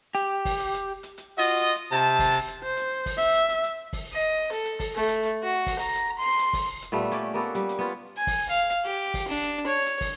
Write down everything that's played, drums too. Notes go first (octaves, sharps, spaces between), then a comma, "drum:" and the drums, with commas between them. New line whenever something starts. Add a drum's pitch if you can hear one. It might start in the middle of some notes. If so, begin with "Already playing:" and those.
G4, drum: hi-hat
drum: kick, open hi-hat
drum: hi-hat
drum: hi-hat
drum: hi-hat
drum: hi-hat
F4 F#4 D#5
drum: hi-hat
drum: hi-hat
C3 A5
drum: kick, open hi-hat
drum: hi-hat
drum: hi-hat
C5
drum: hi-hat
drum: kick, open hi-hat
E5
drum: hi-hat
drum: hi-hat
drum: hi-hat
drum: kick, open hi-hat
D#5
A4, drum: hi-hat
drum: hi-hat
drum: kick, open hi-hat
A3
drum: hi-hat
drum: hi-hat
F#4
drum: kick, open hi-hat
A#5, drum: hi-hat
drum: hi-hat
C6
drum: hi-hat
drum: kick, open hi-hat
drum: hi-hat
A#2 G3 A3 B3
C#4 G4 D5, drum: hi-hat
A#3 B3 A4 B4
G3, drum: hi-hat
drum: hi-hat
B3 C#4 F4
G#5
drum: kick, open hi-hat
F5
drum: hi-hat
G4, drum: hi-hat
drum: kick, open hi-hat
D4
drum: hi-hat
C#5
drum: hi-hat
drum: kick, open hi-hat